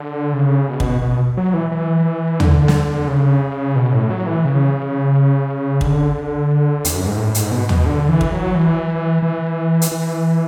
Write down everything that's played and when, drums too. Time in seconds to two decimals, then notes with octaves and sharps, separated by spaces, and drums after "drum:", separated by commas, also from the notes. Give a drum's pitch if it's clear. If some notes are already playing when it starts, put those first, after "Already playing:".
Already playing: D3
0.34 C#3
0.68 B2
0.80 drum: kick
1.02 B2
1.37 F#3
1.54 E3
1.71 E3
2.40 D3, drum: tom
2.68 drum: snare
3.08 C#3
3.76 B2
3.93 A2
4.10 F#3
4.27 E3
4.45 C#3
5.81 D3, drum: kick
6.85 E2, drum: hi-hat
6.95 F#2
7.07 G#2
7.17 A2
7.35 G#2, drum: hi-hat
7.52 B2
7.69 B2, drum: tom
7.86 D3
8.09 E3
8.21 drum: kick
8.32 F#3
8.55 E3
9.22 E3
9.82 drum: hi-hat
9.92 E3